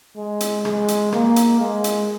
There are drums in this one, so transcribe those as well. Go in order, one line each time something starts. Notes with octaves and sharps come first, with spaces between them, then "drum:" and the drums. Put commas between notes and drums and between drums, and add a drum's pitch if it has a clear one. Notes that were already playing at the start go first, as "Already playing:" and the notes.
G#3
drum: hi-hat
G#3, drum: rim click
drum: hi-hat
A#3, drum: rim click
drum: hi-hat
G#3
drum: hi-hat